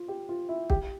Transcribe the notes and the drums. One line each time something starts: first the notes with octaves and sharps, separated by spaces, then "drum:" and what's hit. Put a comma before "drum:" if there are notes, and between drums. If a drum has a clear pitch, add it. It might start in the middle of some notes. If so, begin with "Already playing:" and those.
Already playing: F4
G4
F4
E4
G4, drum: kick